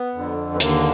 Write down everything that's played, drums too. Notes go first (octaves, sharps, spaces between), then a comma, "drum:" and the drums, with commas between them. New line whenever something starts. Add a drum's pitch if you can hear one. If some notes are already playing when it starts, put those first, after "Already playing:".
Already playing: B3
F2 D3
B3
D#2 D3 A#3, drum: hi-hat